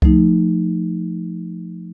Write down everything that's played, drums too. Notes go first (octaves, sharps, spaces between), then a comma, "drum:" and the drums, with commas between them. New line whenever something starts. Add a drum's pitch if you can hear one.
F3 A3 D#4, drum: kick C2